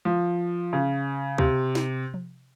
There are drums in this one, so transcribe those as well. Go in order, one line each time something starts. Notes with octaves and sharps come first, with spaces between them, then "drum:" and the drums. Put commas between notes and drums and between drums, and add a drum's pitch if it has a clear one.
F3
C#3
C3, drum: kick C#2
drum: snare
drum: tom F3